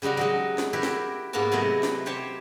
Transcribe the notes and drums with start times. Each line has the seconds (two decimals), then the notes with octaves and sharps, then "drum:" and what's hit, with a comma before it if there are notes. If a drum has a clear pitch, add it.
0.02 C#3 G3 D#4 F#4 A#4
0.17 F#3 G#3 D#4
0.58 drum: snare
0.73 E4 F#4 G4 A#4
0.83 drum: snare
1.33 G#2 A#3 B3 F#4 A5
1.51 C3 F#3 A3 E4 F#4 D#5
1.83 drum: snare
2.06 G4 C5 C#5 G5 A5